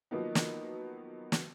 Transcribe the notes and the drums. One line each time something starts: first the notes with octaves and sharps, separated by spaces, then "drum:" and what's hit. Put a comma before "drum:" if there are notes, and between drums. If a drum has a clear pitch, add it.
D#3 F3 F#3 A#3 B3 D#4
drum: snare
drum: snare